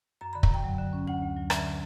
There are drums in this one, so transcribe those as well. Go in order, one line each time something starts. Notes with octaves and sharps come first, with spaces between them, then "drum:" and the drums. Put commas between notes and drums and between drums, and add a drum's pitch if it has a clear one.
F#2 A#5
D3 B5
A#5, drum: kick
F#2 G5
F#3
D3
C#4
D2 F#5
D2
F#3
D3 E5, drum: rim click